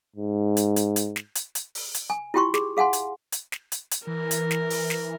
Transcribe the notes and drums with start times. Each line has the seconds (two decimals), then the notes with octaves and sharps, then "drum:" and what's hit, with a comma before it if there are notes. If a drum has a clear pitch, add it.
0.16 G#2
0.57 drum: hi-hat
0.76 drum: hi-hat
0.96 drum: hi-hat
1.16 drum: snare
1.36 drum: hi-hat
1.55 drum: hi-hat
1.75 drum: open hi-hat
1.95 drum: hi-hat
2.10 G#5
2.34 E4 F4 G4 G5 C6 C#6
2.54 G#4, drum: snare
2.77 G#4 F5 F#5 G#5 C6
2.93 drum: hi-hat
3.32 drum: hi-hat
3.52 drum: snare
3.72 drum: hi-hat
3.92 drum: hi-hat
4.07 E3 A#4
4.31 drum: hi-hat
4.51 drum: snare
4.70 drum: open hi-hat
4.90 drum: snare